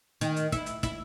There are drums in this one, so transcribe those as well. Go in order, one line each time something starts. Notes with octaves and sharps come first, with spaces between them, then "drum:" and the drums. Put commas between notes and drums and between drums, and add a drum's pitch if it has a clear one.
D#3, drum: hi-hat
drum: hi-hat
E4, drum: kick, hi-hat
drum: hi-hat
E4, drum: kick, hi-hat